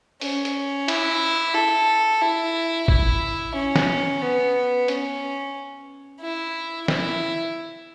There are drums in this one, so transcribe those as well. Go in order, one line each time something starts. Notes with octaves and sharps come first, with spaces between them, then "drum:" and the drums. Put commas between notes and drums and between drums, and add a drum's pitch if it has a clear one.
C#4, drum: open hi-hat
drum: hi-hat
E4, drum: cymbal
A4
E4
E4, drum: kick
C#4
drum: snare
B3
C#4, drum: hi-hat
E4
E4, drum: snare